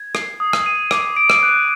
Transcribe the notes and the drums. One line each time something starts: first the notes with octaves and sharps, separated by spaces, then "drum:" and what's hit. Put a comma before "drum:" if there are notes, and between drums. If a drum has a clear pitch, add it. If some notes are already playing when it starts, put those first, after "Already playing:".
Already playing: G#6
C7, drum: rim click
D#6
drum: rim click
D#7
D6, drum: rim click
D7
drum: rim click
F#6